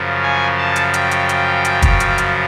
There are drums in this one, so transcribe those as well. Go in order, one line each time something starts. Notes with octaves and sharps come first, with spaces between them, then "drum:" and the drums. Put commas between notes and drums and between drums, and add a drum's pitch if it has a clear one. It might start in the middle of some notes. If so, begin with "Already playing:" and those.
Already playing: F#2 C#3 F3
G#5
A5
drum: hi-hat
G5, drum: hi-hat
drum: hi-hat
drum: hi-hat
drum: hi-hat
drum: kick, hi-hat
drum: hi-hat
drum: hi-hat